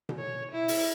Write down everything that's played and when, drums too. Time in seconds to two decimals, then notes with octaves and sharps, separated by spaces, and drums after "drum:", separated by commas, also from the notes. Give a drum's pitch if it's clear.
0.09 drum: tom B2
0.18 C#5
0.52 E4
0.68 drum: open hi-hat